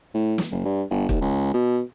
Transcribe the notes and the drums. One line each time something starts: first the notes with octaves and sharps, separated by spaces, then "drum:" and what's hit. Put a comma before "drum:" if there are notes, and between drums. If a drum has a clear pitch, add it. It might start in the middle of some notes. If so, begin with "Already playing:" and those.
A2
drum: snare
F#1
G2
G1
D#2, drum: kick
C#2
B2